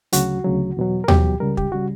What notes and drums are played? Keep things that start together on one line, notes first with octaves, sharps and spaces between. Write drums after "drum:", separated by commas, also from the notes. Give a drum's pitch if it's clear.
D2 C#3 F#3 F#4, drum: hi-hat
D2 C#3 F#3
E2 B2 F#3
A#4
E2 B2 F#3 G4, drum: tom D#2
C#2 C#3 G3 A#4
G4, drum: kick
C#3 G3 F#4